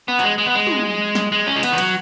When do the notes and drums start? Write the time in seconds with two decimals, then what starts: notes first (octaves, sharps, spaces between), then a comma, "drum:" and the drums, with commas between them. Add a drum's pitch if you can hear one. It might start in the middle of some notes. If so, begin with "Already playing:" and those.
0.08 B3
0.19 F#3, drum: hi-hat
0.23 G#3
0.38 G#3
0.46 B3
0.55 G#3
0.67 drum: tom
1.15 drum: snare
1.32 G#3
1.47 C#4
1.56 G#3
1.63 B3, drum: cymbal
1.72 D#3
1.78 F#3, drum: cymbal